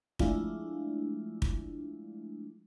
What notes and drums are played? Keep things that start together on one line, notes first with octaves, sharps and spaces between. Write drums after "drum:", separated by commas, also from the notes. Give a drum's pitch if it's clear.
F3 G#3 A3 D4 E4 F4, drum: kick
drum: kick